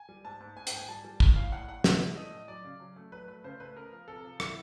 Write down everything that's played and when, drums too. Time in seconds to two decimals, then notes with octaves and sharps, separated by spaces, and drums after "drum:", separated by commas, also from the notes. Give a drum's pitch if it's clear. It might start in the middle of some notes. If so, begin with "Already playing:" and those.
Already playing: G#5
0.09 G3
0.25 G#2 A5
0.40 G#2
0.56 G#2 G#5
0.67 G5, drum: hi-hat
0.73 G#2 G#5
0.88 G3 A5
1.05 G3
1.20 A2, drum: kick
1.36 A2 F5
1.52 A2 F#5
1.68 A2 F#5
1.84 E3 E5, drum: snare
2.01 E3
2.16 A3 D#5
2.33 A2
2.48 F#3 D5
2.64 C#3
2.80 F#3
2.96 A3
3.12 F#3 B4
3.28 A3 B4
3.44 C#3 C5
3.60 A3 B4
3.76 B3 A#4
3.92 F3
4.08 C3 A4
4.24 F3
4.40 G#3 E4, drum: rim click